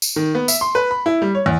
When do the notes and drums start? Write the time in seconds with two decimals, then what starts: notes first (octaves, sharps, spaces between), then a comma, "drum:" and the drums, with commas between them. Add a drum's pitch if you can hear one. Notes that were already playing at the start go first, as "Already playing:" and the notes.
0.02 drum: tambourine
0.16 D#3
0.35 B3
0.48 E5, drum: tambourine
0.61 C6
0.75 B4
0.91 B5
1.06 E4
1.22 G3
1.35 C#5
1.46 E2